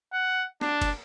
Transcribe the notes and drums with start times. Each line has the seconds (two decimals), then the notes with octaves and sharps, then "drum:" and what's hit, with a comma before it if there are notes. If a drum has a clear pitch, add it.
0.13 F#5
0.61 D4, drum: snare
0.82 drum: kick, cymbal